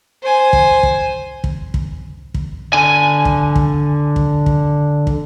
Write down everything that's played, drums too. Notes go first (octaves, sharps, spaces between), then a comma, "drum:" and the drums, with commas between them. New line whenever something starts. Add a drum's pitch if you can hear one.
C5 G#5
drum: kick
drum: kick
drum: kick
drum: kick
drum: kick
D3 G#5
drum: kick
drum: kick
drum: kick
drum: kick
drum: kick